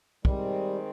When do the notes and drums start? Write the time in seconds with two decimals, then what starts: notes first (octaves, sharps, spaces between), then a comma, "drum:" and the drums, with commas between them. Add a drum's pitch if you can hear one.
0.25 D#3 G3 G#3 C4, drum: kick